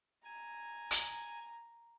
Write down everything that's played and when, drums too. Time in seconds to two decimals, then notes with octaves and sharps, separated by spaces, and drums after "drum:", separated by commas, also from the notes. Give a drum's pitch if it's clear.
0.25 G#5 A#5
0.91 drum: hi-hat